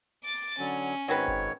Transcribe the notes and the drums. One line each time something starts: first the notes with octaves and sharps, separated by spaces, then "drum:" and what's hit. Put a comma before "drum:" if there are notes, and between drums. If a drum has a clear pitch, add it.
D6 A6
D3 F#3 C#4
G#2 D#3 F#3 C4 B4 C#5
drum: kick F#1